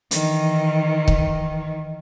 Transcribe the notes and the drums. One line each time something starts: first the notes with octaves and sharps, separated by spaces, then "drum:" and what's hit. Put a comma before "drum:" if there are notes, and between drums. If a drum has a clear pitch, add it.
D#3 E3, drum: hi-hat
drum: kick